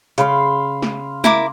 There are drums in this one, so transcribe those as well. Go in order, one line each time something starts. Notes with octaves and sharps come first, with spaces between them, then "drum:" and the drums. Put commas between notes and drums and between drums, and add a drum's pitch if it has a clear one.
C#3 F5 B5 C6, drum: hi-hat
drum: snare
E4 A#4 D6, drum: snare